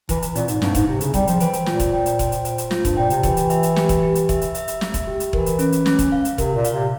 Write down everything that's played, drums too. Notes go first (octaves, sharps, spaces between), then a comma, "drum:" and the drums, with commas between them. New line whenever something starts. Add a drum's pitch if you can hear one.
E3 E4, drum: kick E1, hi-hat
drum: hi-hat
A#2 C4, drum: hi-hat
G#2, drum: hi-hat
G2 C4, drum: snare
G#2, drum: kick E1, hi-hat
C3 E4
C#3, drum: hi-hat
G3 G5, drum: kick E1, hi-hat
F3, drum: hi-hat
E3 C5, drum: hi-hat
drum: hi-hat
A#2 F4, drum: snare
drum: kick E1, hi-hat
G5
drum: hi-hat
C5, drum: kick E1, hi-hat
drum: hi-hat
C5, drum: hi-hat
drum: hi-hat
F4, drum: snare
G2, drum: kick E1, hi-hat
A#2 G5
C3, drum: hi-hat
E3 G4, drum: kick E1, hi-hat
drum: hi-hat
E5, drum: hi-hat
drum: hi-hat
G4, drum: snare
drum: kick E1, hi-hat
G4
drum: hi-hat
E5, drum: kick E1, hi-hat
drum: hi-hat
E5, drum: hi-hat
drum: hi-hat
E5, drum: snare
drum: kick E1, hi-hat
G4
drum: hi-hat
E3 A#4, drum: kick E1
drum: hi-hat
C#4, drum: hi-hat
drum: hi-hat
C#4, drum: snare
drum: kick E1, hi-hat
F5
drum: hi-hat
C3 A#4, drum: kick E1, hi-hat
A#2
F5, drum: hi-hat
C3